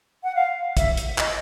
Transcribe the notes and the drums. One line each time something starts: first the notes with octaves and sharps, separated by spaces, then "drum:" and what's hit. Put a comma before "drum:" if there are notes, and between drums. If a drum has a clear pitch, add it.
F#5
F5
E5, drum: kick, hi-hat
drum: hi-hat
D#5, drum: clap